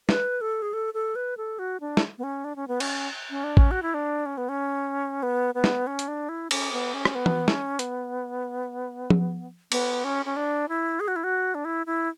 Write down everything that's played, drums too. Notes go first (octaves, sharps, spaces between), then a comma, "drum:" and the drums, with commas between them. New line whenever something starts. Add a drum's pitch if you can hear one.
B4, drum: snare
A4
G#4
A4
A4
B4
A4
F#4
D4
drum: snare
B3
C#4
D4
C#4
B3
C#4, drum: cymbal
C#4
D4
C#4, drum: kick A1
F#4
E4
D4
C#4
B3
C#4
B3
B3
drum: snare
C#4
drum: hi-hat
D4
E4
C#4, drum: cymbal
B3
C#4
drum: rim click
B3
drum: tom E3
C#4, drum: snare
B3, drum: hi-hat
drum: tom F3
B3, drum: cymbal
C#4
C#4
D4
E4
G#4
F#4
E4
F#4
D4
E4
E4